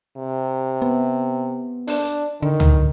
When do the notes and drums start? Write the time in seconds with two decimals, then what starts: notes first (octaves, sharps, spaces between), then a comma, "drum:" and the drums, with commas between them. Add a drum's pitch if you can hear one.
0.17 C3
0.82 B3
1.88 D4, drum: open hi-hat
2.42 D3 D#3
2.60 drum: tom C#2